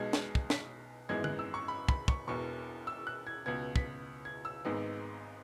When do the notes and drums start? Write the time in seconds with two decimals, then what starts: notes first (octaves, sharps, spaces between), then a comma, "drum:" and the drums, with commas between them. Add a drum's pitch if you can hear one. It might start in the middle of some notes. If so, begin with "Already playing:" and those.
Already playing: B1 B2 G#3 G#6
0.13 drum: snare
0.35 drum: kick
0.50 B6, drum: snare
1.09 G#1 F#2 E3 G#3 B3 G#6
1.24 F#6, drum: tom D3
1.39 E6
1.54 C#6
1.68 B5
1.89 B5, drum: kick
2.08 C#6, drum: kick
2.27 E1 E2 B2 C#6
2.87 E6
3.07 F#6
3.27 G#6
3.46 C#2 B2 B3 G#6
3.76 B6, drum: kick
4.25 G#6
4.45 E6
4.65 G#1 G#2 G#3 B3